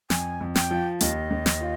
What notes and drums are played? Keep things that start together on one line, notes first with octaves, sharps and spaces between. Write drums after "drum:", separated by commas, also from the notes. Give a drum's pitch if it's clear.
F2 G#5, drum: snare
F2
G5, drum: snare
F3
D#2 D#5, drum: hi-hat
D#2
drum: snare
F4